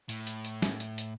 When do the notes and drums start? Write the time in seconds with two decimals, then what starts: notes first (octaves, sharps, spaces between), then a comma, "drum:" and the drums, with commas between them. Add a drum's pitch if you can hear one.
0.09 A2, drum: hi-hat
0.27 drum: hi-hat
0.45 drum: hi-hat
0.62 drum: snare
0.80 drum: hi-hat
0.98 drum: hi-hat